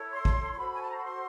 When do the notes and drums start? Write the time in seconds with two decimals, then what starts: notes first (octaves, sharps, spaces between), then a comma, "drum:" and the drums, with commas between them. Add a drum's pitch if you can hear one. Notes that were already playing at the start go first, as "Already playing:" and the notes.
Already playing: E4 A4 C#5
0.12 C6
0.25 drum: kick
0.52 C6
0.57 F#4 A4 C5 B5
0.74 G#5
0.81 A5
0.88 A#5
0.96 B5
1.03 C6